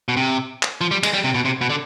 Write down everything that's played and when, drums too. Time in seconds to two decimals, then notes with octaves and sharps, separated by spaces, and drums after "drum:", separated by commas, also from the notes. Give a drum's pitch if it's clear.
0.09 B2
0.17 C3
0.63 drum: clap
0.81 F3
0.91 G3
1.03 G#3, drum: cymbal
1.14 G3
1.24 C3
1.34 B2
1.45 C3
1.61 B2
1.70 D3